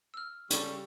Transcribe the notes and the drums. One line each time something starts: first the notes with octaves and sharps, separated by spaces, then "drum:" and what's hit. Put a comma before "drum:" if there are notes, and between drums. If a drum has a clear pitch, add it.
E6 F6
C#3 G3 A4 C#6, drum: hi-hat